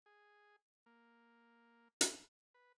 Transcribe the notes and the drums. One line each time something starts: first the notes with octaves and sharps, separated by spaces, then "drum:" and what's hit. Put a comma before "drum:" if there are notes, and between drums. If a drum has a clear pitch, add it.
G#4
A#3
drum: hi-hat
B4